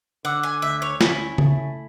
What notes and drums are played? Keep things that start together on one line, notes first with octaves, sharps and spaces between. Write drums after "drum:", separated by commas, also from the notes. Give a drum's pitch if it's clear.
D3 F#5
G#5
D2 E5
C#5
C#4 E4, drum: snare
A3, drum: tom C#3